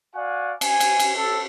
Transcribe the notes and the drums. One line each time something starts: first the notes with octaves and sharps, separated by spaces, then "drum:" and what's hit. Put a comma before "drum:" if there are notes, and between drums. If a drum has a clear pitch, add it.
F#4 D5 F5 F#5 G#5
G#5, drum: cymbal
drum: cymbal
drum: cymbal
A4